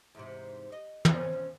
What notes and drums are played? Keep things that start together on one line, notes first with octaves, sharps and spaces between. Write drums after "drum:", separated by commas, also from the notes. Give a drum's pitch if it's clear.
E2 G#2 C3
D#5
C4 C#4, drum: tom